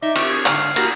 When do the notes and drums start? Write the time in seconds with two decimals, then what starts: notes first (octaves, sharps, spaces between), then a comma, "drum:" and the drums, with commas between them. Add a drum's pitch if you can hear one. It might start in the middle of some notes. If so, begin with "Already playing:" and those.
0.02 D#4 D5 E5
0.15 C4 G4 C#6, drum: cymbal
0.29 G#4
0.46 G#2 D3 F5, drum: clap
0.76 A#3 F#4 A#4, drum: cymbal